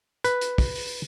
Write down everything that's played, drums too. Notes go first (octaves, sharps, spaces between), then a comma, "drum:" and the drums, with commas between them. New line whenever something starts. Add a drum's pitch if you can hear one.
B4, drum: hi-hat
drum: hi-hat
drum: kick, open hi-hat
drum: open hi-hat